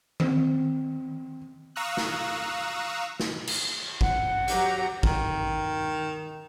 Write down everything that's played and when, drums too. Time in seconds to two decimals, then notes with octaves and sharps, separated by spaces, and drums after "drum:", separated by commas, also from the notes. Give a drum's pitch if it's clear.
0.20 C4, drum: tom D#3
1.76 F5 A#5 C#6 D#6 E6 F#6
1.97 drum: snare
3.20 drum: snare
3.47 drum: cymbal
4.01 F#5, drum: kick
4.48 F#3 G4 A#5, drum: hi-hat
5.03 D#3, drum: kick